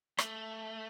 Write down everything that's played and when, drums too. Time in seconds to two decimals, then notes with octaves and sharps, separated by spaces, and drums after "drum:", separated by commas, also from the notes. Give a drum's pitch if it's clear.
0.18 A3, drum: rim click